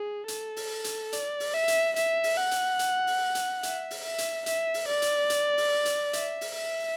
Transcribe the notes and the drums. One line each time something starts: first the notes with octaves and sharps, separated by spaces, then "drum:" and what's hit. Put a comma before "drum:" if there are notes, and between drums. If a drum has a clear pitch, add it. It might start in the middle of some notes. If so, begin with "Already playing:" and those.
Already playing: G#4
A4, drum: hi-hat
drum: open hi-hat
drum: hi-hat
D5, drum: hi-hat
drum: open hi-hat
E5
drum: hi-hat
E5, drum: hi-hat
drum: open hi-hat
F#5
drum: hi-hat
drum: hi-hat
drum: open hi-hat
drum: hi-hat
E5, drum: hi-hat
drum: open hi-hat
E5
drum: hi-hat
E5, drum: hi-hat
drum: open hi-hat
D5
drum: hi-hat
drum: hi-hat
drum: open hi-hat
drum: hi-hat
E5, drum: hi-hat
drum: open hi-hat
E5